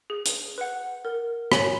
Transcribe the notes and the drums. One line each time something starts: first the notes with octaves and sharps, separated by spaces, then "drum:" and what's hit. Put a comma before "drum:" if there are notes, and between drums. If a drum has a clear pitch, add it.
G#4
drum: hi-hat
B4 F#5
A#4
C#5 G#5 B5, drum: rim click